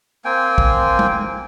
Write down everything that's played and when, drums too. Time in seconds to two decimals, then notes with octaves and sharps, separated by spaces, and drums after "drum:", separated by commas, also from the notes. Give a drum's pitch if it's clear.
0.25 A#3 C4 G5 G#5
0.58 drum: kick
0.99 drum: tom G3